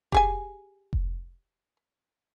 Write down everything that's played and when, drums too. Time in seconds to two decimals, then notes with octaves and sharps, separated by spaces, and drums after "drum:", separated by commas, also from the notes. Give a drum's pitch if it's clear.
0.12 G4 G#4 G#5, drum: kick F1
0.93 drum: kick F1